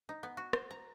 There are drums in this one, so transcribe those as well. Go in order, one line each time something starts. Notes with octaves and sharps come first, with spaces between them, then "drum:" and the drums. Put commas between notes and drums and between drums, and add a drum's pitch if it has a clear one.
D#4
B3
F#4
C5, drum: rim click
A#5